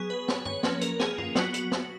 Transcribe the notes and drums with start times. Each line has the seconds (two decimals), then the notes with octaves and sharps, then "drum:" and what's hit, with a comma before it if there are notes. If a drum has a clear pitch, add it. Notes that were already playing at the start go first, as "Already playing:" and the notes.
Already playing: F#3 B3 G#4
0.10 B4
0.28 C#5, drum: snare
0.45 C#5, drum: tom F#2
0.63 F3 A#3 C#4 B4, drum: snare
0.81 A#4, drum: hi-hat
1.00 G#4, drum: snare
1.18 F4, drum: tom F#2
1.35 F#3 B3 F#4, drum: snare
1.54 F#4, drum: hi-hat
1.72 drum: snare